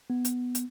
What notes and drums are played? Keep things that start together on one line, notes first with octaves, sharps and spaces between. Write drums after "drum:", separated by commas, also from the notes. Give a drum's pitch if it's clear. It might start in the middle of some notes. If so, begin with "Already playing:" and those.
B3
drum: hi-hat
drum: hi-hat